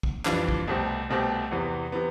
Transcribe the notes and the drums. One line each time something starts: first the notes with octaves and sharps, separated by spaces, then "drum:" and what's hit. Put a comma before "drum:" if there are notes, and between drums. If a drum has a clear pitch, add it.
drum: kick
F2 E3 G3 D4 F4, drum: clap
drum: kick
C2 B2 A3 C4 G4
C2 B2 A3 C4 G4
E2 C3 E3 B3
C3 E3 B3